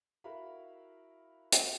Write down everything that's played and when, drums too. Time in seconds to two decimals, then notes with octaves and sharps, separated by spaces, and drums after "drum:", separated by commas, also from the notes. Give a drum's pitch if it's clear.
0.24 E4 F#4 A#4 E5 F5 B5
1.52 drum: hi-hat